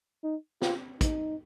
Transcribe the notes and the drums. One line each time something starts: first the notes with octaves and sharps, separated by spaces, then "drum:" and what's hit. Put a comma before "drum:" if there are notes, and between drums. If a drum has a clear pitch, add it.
D#4
F4, drum: snare
D#4, drum: kick, hi-hat